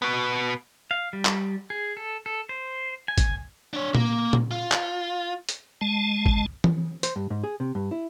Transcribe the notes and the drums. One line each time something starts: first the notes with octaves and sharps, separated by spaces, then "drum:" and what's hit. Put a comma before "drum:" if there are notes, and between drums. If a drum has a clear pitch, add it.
B2 B3
F5
G3
drum: clap
G#4
A4
A4
C5
G#5
drum: kick, hi-hat
D4 C#5
A#3, drum: tom A#2
drum: tom A#2
F4
drum: clap
drum: hi-hat
G#3 A5
drum: kick
drum: tom E3
C5, drum: hi-hat
G2
G#2
G#4
C3
G2
E4